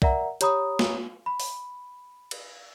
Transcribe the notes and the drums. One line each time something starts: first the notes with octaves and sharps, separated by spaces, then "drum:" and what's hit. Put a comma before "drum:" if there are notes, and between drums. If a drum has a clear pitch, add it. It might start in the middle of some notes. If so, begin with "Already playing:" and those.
A#4 D5 E5 F#5 A#5, drum: kick
G4 C#5 A#5 B5 D#6, drum: hi-hat
drum: snare
B5
drum: open hi-hat
drum: cymbal